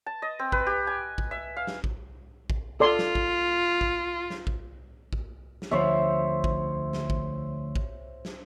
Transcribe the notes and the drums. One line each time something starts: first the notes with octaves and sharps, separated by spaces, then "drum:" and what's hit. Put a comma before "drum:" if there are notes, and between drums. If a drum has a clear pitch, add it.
A5
D#5
C4
B4, drum: kick A1
G4
G#5
drum: kick A1
E5
F5
drum: snare
drum: kick A1
drum: kick A1
F4 A4 D5 C6
drum: snare
drum: kick A1
drum: kick A1
drum: snare
drum: kick A1
drum: kick A1
drum: snare
D2 F3 C5 C#5 E5
drum: kick A1
drum: snare
drum: kick A1
drum: kick A1
drum: snare